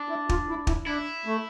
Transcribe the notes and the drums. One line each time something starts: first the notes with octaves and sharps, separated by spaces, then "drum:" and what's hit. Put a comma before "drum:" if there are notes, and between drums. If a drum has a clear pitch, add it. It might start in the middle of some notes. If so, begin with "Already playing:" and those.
Already playing: D4
E4
F4, drum: kick
E4
E4, drum: kick
D4 E4
A3